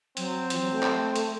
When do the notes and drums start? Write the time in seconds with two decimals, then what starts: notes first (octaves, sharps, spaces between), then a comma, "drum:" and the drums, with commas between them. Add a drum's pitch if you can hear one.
0.17 F#3 C4, drum: hi-hat
0.50 F3, drum: hi-hat
0.61 F#3
0.72 A3
0.83 drum: clap
1.16 drum: hi-hat